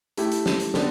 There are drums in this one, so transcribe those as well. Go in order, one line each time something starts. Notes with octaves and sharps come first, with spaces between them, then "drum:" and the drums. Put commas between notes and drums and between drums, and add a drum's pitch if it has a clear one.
A3 E4 G4, drum: hi-hat
drum: hi-hat
drum: snare
drum: hi-hat
D3 B3 G4 D5, drum: snare